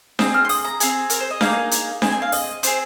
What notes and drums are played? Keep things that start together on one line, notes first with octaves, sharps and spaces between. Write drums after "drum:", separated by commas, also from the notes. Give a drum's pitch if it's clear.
C4 G#4 D#6, drum: snare D4
F6
C6
D#6, drum: open hi-hat
A#5
C4 G#4 G#5, drum: hi-hat
A#4, drum: hi-hat
C5
D#5
A#3 D#4 G#4 F5, drum: snare D4
drum: hi-hat
C4 G#4 G#5, drum: snare D4
G#5
F5
D#5, drum: open hi-hat
C4 F4 G#4 C5, drum: hi-hat